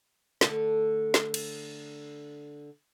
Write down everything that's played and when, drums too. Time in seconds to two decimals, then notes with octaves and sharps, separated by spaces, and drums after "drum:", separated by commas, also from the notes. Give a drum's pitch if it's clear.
0.41 D3 A3, drum: snare
1.14 drum: snare
1.34 drum: cymbal